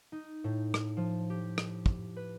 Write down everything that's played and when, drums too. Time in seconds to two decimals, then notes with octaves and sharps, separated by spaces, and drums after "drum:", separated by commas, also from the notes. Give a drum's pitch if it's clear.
0.12 D#4
0.44 A2
0.74 drum: rim click
0.97 F3
1.30 G4
1.58 drum: rim click
1.86 drum: kick
2.16 B4